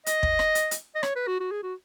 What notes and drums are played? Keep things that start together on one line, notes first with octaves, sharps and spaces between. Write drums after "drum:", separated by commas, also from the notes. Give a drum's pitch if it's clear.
D#5, drum: hi-hat
drum: kick
drum: rim click
drum: hi-hat
drum: hi-hat
D#5
C#5, drum: rim click
B4
F#4
F#4
G#4
F#4